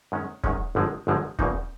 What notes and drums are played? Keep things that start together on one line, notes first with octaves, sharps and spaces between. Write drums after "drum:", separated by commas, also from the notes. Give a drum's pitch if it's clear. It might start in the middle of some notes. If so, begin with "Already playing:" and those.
F#2 D#3 G#3 C#4
F#2 D#3 G#3 C#4, drum: kick
G1 F#2 D3 F3 G#3
G1 F#2 D3 F3 G#3
E2 C#3 F3 A#3 D#4, drum: kick